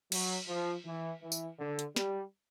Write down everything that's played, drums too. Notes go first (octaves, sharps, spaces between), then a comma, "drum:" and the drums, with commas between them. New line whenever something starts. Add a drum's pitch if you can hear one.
F#3, drum: cymbal
F3
E3
E3
drum: tambourine
D3
drum: hi-hat
G3, drum: snare